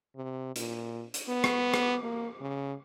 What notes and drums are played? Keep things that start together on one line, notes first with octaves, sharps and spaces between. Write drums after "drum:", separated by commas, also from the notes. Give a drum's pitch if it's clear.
C3
A#2, drum: hi-hat
drum: hi-hat
B3
drum: rim click
drum: rim click
A#3
C#3